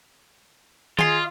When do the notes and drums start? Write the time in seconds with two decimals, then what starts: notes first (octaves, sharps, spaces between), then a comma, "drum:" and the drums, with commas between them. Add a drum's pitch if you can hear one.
0.99 F4 G#4 D#5 C6, drum: tom D#3